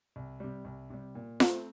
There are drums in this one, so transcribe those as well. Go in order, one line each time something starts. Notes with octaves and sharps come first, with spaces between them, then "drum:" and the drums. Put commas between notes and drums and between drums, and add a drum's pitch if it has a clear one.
C2
C3 G3
C2
C3 G3
A#2
A3 C4, drum: snare F4